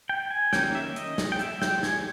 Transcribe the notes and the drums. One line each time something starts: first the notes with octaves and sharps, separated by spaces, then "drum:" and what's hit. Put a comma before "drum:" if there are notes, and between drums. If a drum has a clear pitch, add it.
G5
G#5
D#3 A#3 C#4 G5, drum: snare
E5
D#5, drum: hi-hat
drum: snare
G5
E5, drum: hi-hat
G5, drum: snare
G#5, drum: snare